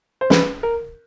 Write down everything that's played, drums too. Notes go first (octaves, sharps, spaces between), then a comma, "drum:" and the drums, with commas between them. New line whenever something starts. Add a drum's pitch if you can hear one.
C5
B4, drum: snare
A#4